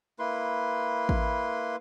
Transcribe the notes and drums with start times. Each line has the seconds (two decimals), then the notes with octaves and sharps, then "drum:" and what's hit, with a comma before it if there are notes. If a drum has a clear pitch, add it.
0.19 A#3 E4 B4 C6
1.09 drum: kick A1